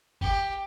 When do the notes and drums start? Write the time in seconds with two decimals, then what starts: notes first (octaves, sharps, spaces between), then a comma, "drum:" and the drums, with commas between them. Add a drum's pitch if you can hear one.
0.21 G4, drum: kick